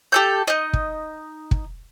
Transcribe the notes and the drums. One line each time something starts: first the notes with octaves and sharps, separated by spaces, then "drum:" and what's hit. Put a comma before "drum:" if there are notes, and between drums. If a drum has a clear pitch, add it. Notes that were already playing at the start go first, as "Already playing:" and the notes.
G4 A4 G6
D#4 D#5
drum: kick
drum: kick